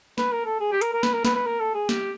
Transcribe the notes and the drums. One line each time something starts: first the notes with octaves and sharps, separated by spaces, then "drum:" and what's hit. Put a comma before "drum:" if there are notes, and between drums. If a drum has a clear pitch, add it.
B4, drum: snare
A#4
A4
G#4
G4
A#4, drum: hi-hat
A#4
B4, drum: snare
A#4
B4, drum: snare
B4
A#4
A4
G#4
G4, drum: snare